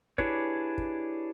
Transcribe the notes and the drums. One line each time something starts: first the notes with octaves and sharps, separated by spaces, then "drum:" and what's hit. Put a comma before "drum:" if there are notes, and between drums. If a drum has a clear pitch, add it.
D4 E4 G4 G#4 B4 C#5, drum: kick
drum: kick